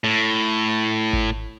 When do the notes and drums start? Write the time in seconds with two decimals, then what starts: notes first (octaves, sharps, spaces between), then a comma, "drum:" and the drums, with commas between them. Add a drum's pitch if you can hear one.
0.04 A2
1.13 drum: kick G#1